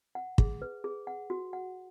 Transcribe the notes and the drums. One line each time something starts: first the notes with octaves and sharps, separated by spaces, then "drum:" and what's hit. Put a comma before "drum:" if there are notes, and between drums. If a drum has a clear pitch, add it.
F#5
G#4, drum: kick
B4
G#4
F#5
F#4
F#5